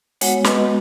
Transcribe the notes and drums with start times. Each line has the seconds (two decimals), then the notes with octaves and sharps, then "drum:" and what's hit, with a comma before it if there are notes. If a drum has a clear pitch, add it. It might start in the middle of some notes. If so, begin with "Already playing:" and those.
0.21 G#3 B3 F#4 C#5 F#5, drum: hi-hat
0.44 B4 D#5, drum: snare